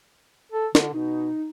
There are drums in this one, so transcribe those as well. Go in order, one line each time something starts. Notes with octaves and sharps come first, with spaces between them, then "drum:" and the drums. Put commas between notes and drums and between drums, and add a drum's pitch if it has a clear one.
A4
D3, drum: snare
B2 D#4